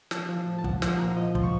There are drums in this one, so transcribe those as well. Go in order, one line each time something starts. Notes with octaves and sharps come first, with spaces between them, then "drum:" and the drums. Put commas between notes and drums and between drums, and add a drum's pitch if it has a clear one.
F3 A5, drum: snare
F3
A2
A5
F3 F#5, drum: kick
F3 F#5, drum: snare
A#2 A#5
F3 D#5
F3, drum: kick
C#6